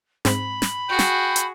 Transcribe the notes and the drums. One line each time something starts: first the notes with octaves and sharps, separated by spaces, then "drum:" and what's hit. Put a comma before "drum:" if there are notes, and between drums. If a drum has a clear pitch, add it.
G#2 C4 B5, drum: snare
drum: snare
F#4 G#4 G5
drum: snare
drum: hi-hat